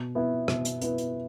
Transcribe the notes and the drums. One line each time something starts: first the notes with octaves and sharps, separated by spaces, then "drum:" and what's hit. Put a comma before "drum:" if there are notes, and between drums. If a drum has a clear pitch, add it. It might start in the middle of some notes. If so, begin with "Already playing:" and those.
Already playing: B2
B3 E4 B4
B2, drum: rim click
drum: hi-hat
B3 E4 B4, drum: hi-hat
drum: hi-hat